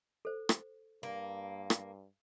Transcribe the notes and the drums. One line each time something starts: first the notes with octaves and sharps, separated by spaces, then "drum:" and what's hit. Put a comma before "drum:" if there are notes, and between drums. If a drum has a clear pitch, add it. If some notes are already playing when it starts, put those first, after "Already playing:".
A4 C5
drum: rim click
G2 A#3
drum: rim click